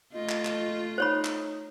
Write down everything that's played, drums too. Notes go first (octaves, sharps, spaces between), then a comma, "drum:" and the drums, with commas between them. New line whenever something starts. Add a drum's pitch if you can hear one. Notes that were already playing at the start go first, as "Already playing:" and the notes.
A3 F4 D#5
drum: clap
drum: clap
D#4 C5 C#5 B5
drum: clap